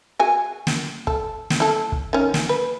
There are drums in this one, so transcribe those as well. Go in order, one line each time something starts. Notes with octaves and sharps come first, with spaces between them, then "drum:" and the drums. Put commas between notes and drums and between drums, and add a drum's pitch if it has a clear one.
F#4 G#4 G#5
drum: snare
A4, drum: kick
drum: snare
E4 A4
drum: kick
D#3 C#4
drum: snare
B4